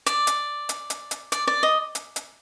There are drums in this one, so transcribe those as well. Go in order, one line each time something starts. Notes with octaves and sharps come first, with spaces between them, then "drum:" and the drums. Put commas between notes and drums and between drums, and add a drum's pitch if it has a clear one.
D5, drum: hi-hat
drum: hi-hat
drum: hi-hat
drum: hi-hat
drum: hi-hat
D5, drum: hi-hat
D5
D#5
drum: hi-hat
drum: hi-hat